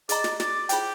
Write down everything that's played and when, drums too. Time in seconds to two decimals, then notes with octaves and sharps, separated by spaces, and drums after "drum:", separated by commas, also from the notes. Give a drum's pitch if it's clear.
0.09 G#4 D5 D#5 A#5, drum: hi-hat
0.24 drum: snare
0.40 D5, drum: snare
0.69 F4 G4 G#4 C5 G5, drum: hi-hat